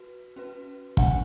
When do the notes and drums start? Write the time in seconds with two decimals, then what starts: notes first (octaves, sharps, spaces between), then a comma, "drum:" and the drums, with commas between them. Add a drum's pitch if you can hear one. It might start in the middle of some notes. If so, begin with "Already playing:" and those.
Already playing: F#4 B4
0.36 C#4 F#4 B4
0.97 E3 B3 D4 F#5, drum: kick